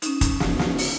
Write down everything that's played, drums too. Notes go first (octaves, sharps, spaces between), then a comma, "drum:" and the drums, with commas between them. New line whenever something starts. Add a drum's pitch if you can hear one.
C#4 D#4, drum: hi-hat
drum: kick, hi-hat
drum: snare
drum: snare
drum: open hi-hat